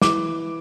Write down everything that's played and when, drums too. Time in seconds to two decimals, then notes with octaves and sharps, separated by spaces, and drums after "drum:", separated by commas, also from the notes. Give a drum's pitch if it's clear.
0.02 E3 D6, drum: snare